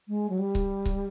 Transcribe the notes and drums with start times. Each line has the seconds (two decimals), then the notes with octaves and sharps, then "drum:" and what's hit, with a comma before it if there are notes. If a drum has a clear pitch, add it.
0.08 G#3
0.30 F#3
0.39 G3
0.55 drum: kick C#1
0.85 drum: kick C#1